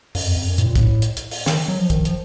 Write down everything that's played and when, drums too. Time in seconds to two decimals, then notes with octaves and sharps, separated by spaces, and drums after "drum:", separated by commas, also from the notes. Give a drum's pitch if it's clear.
0.15 F#2, drum: open hi-hat
0.26 F2
0.36 F2
0.48 F#2
0.58 A2, drum: hi-hat
0.66 A#2
0.75 A2, drum: kick, hi-hat
1.02 drum: hi-hat
1.17 drum: hi-hat
1.31 drum: open hi-hat
1.46 D#3, drum: snare
1.68 F#3
1.79 F3
1.90 D#3, drum: kick, hi-hat
2.05 F3, drum: hi-hat